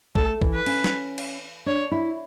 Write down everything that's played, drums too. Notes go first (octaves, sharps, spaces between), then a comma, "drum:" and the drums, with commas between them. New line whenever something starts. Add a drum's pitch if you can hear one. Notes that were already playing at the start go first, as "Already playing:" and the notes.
A3 A4, drum: kick
E3, drum: kick
B4
C#4, drum: cymbal
drum: snare
drum: cymbal
D4 C#5
E4